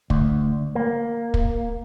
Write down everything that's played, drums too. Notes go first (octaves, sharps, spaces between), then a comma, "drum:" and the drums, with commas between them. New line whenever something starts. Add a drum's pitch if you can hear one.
D2, drum: kick
A#3
drum: kick